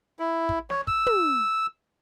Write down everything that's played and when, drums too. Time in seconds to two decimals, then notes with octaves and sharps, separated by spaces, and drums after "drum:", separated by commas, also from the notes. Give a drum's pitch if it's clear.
0.19 E4
0.49 drum: kick
0.70 C#5, drum: snare
0.87 E6, drum: kick
1.06 drum: tom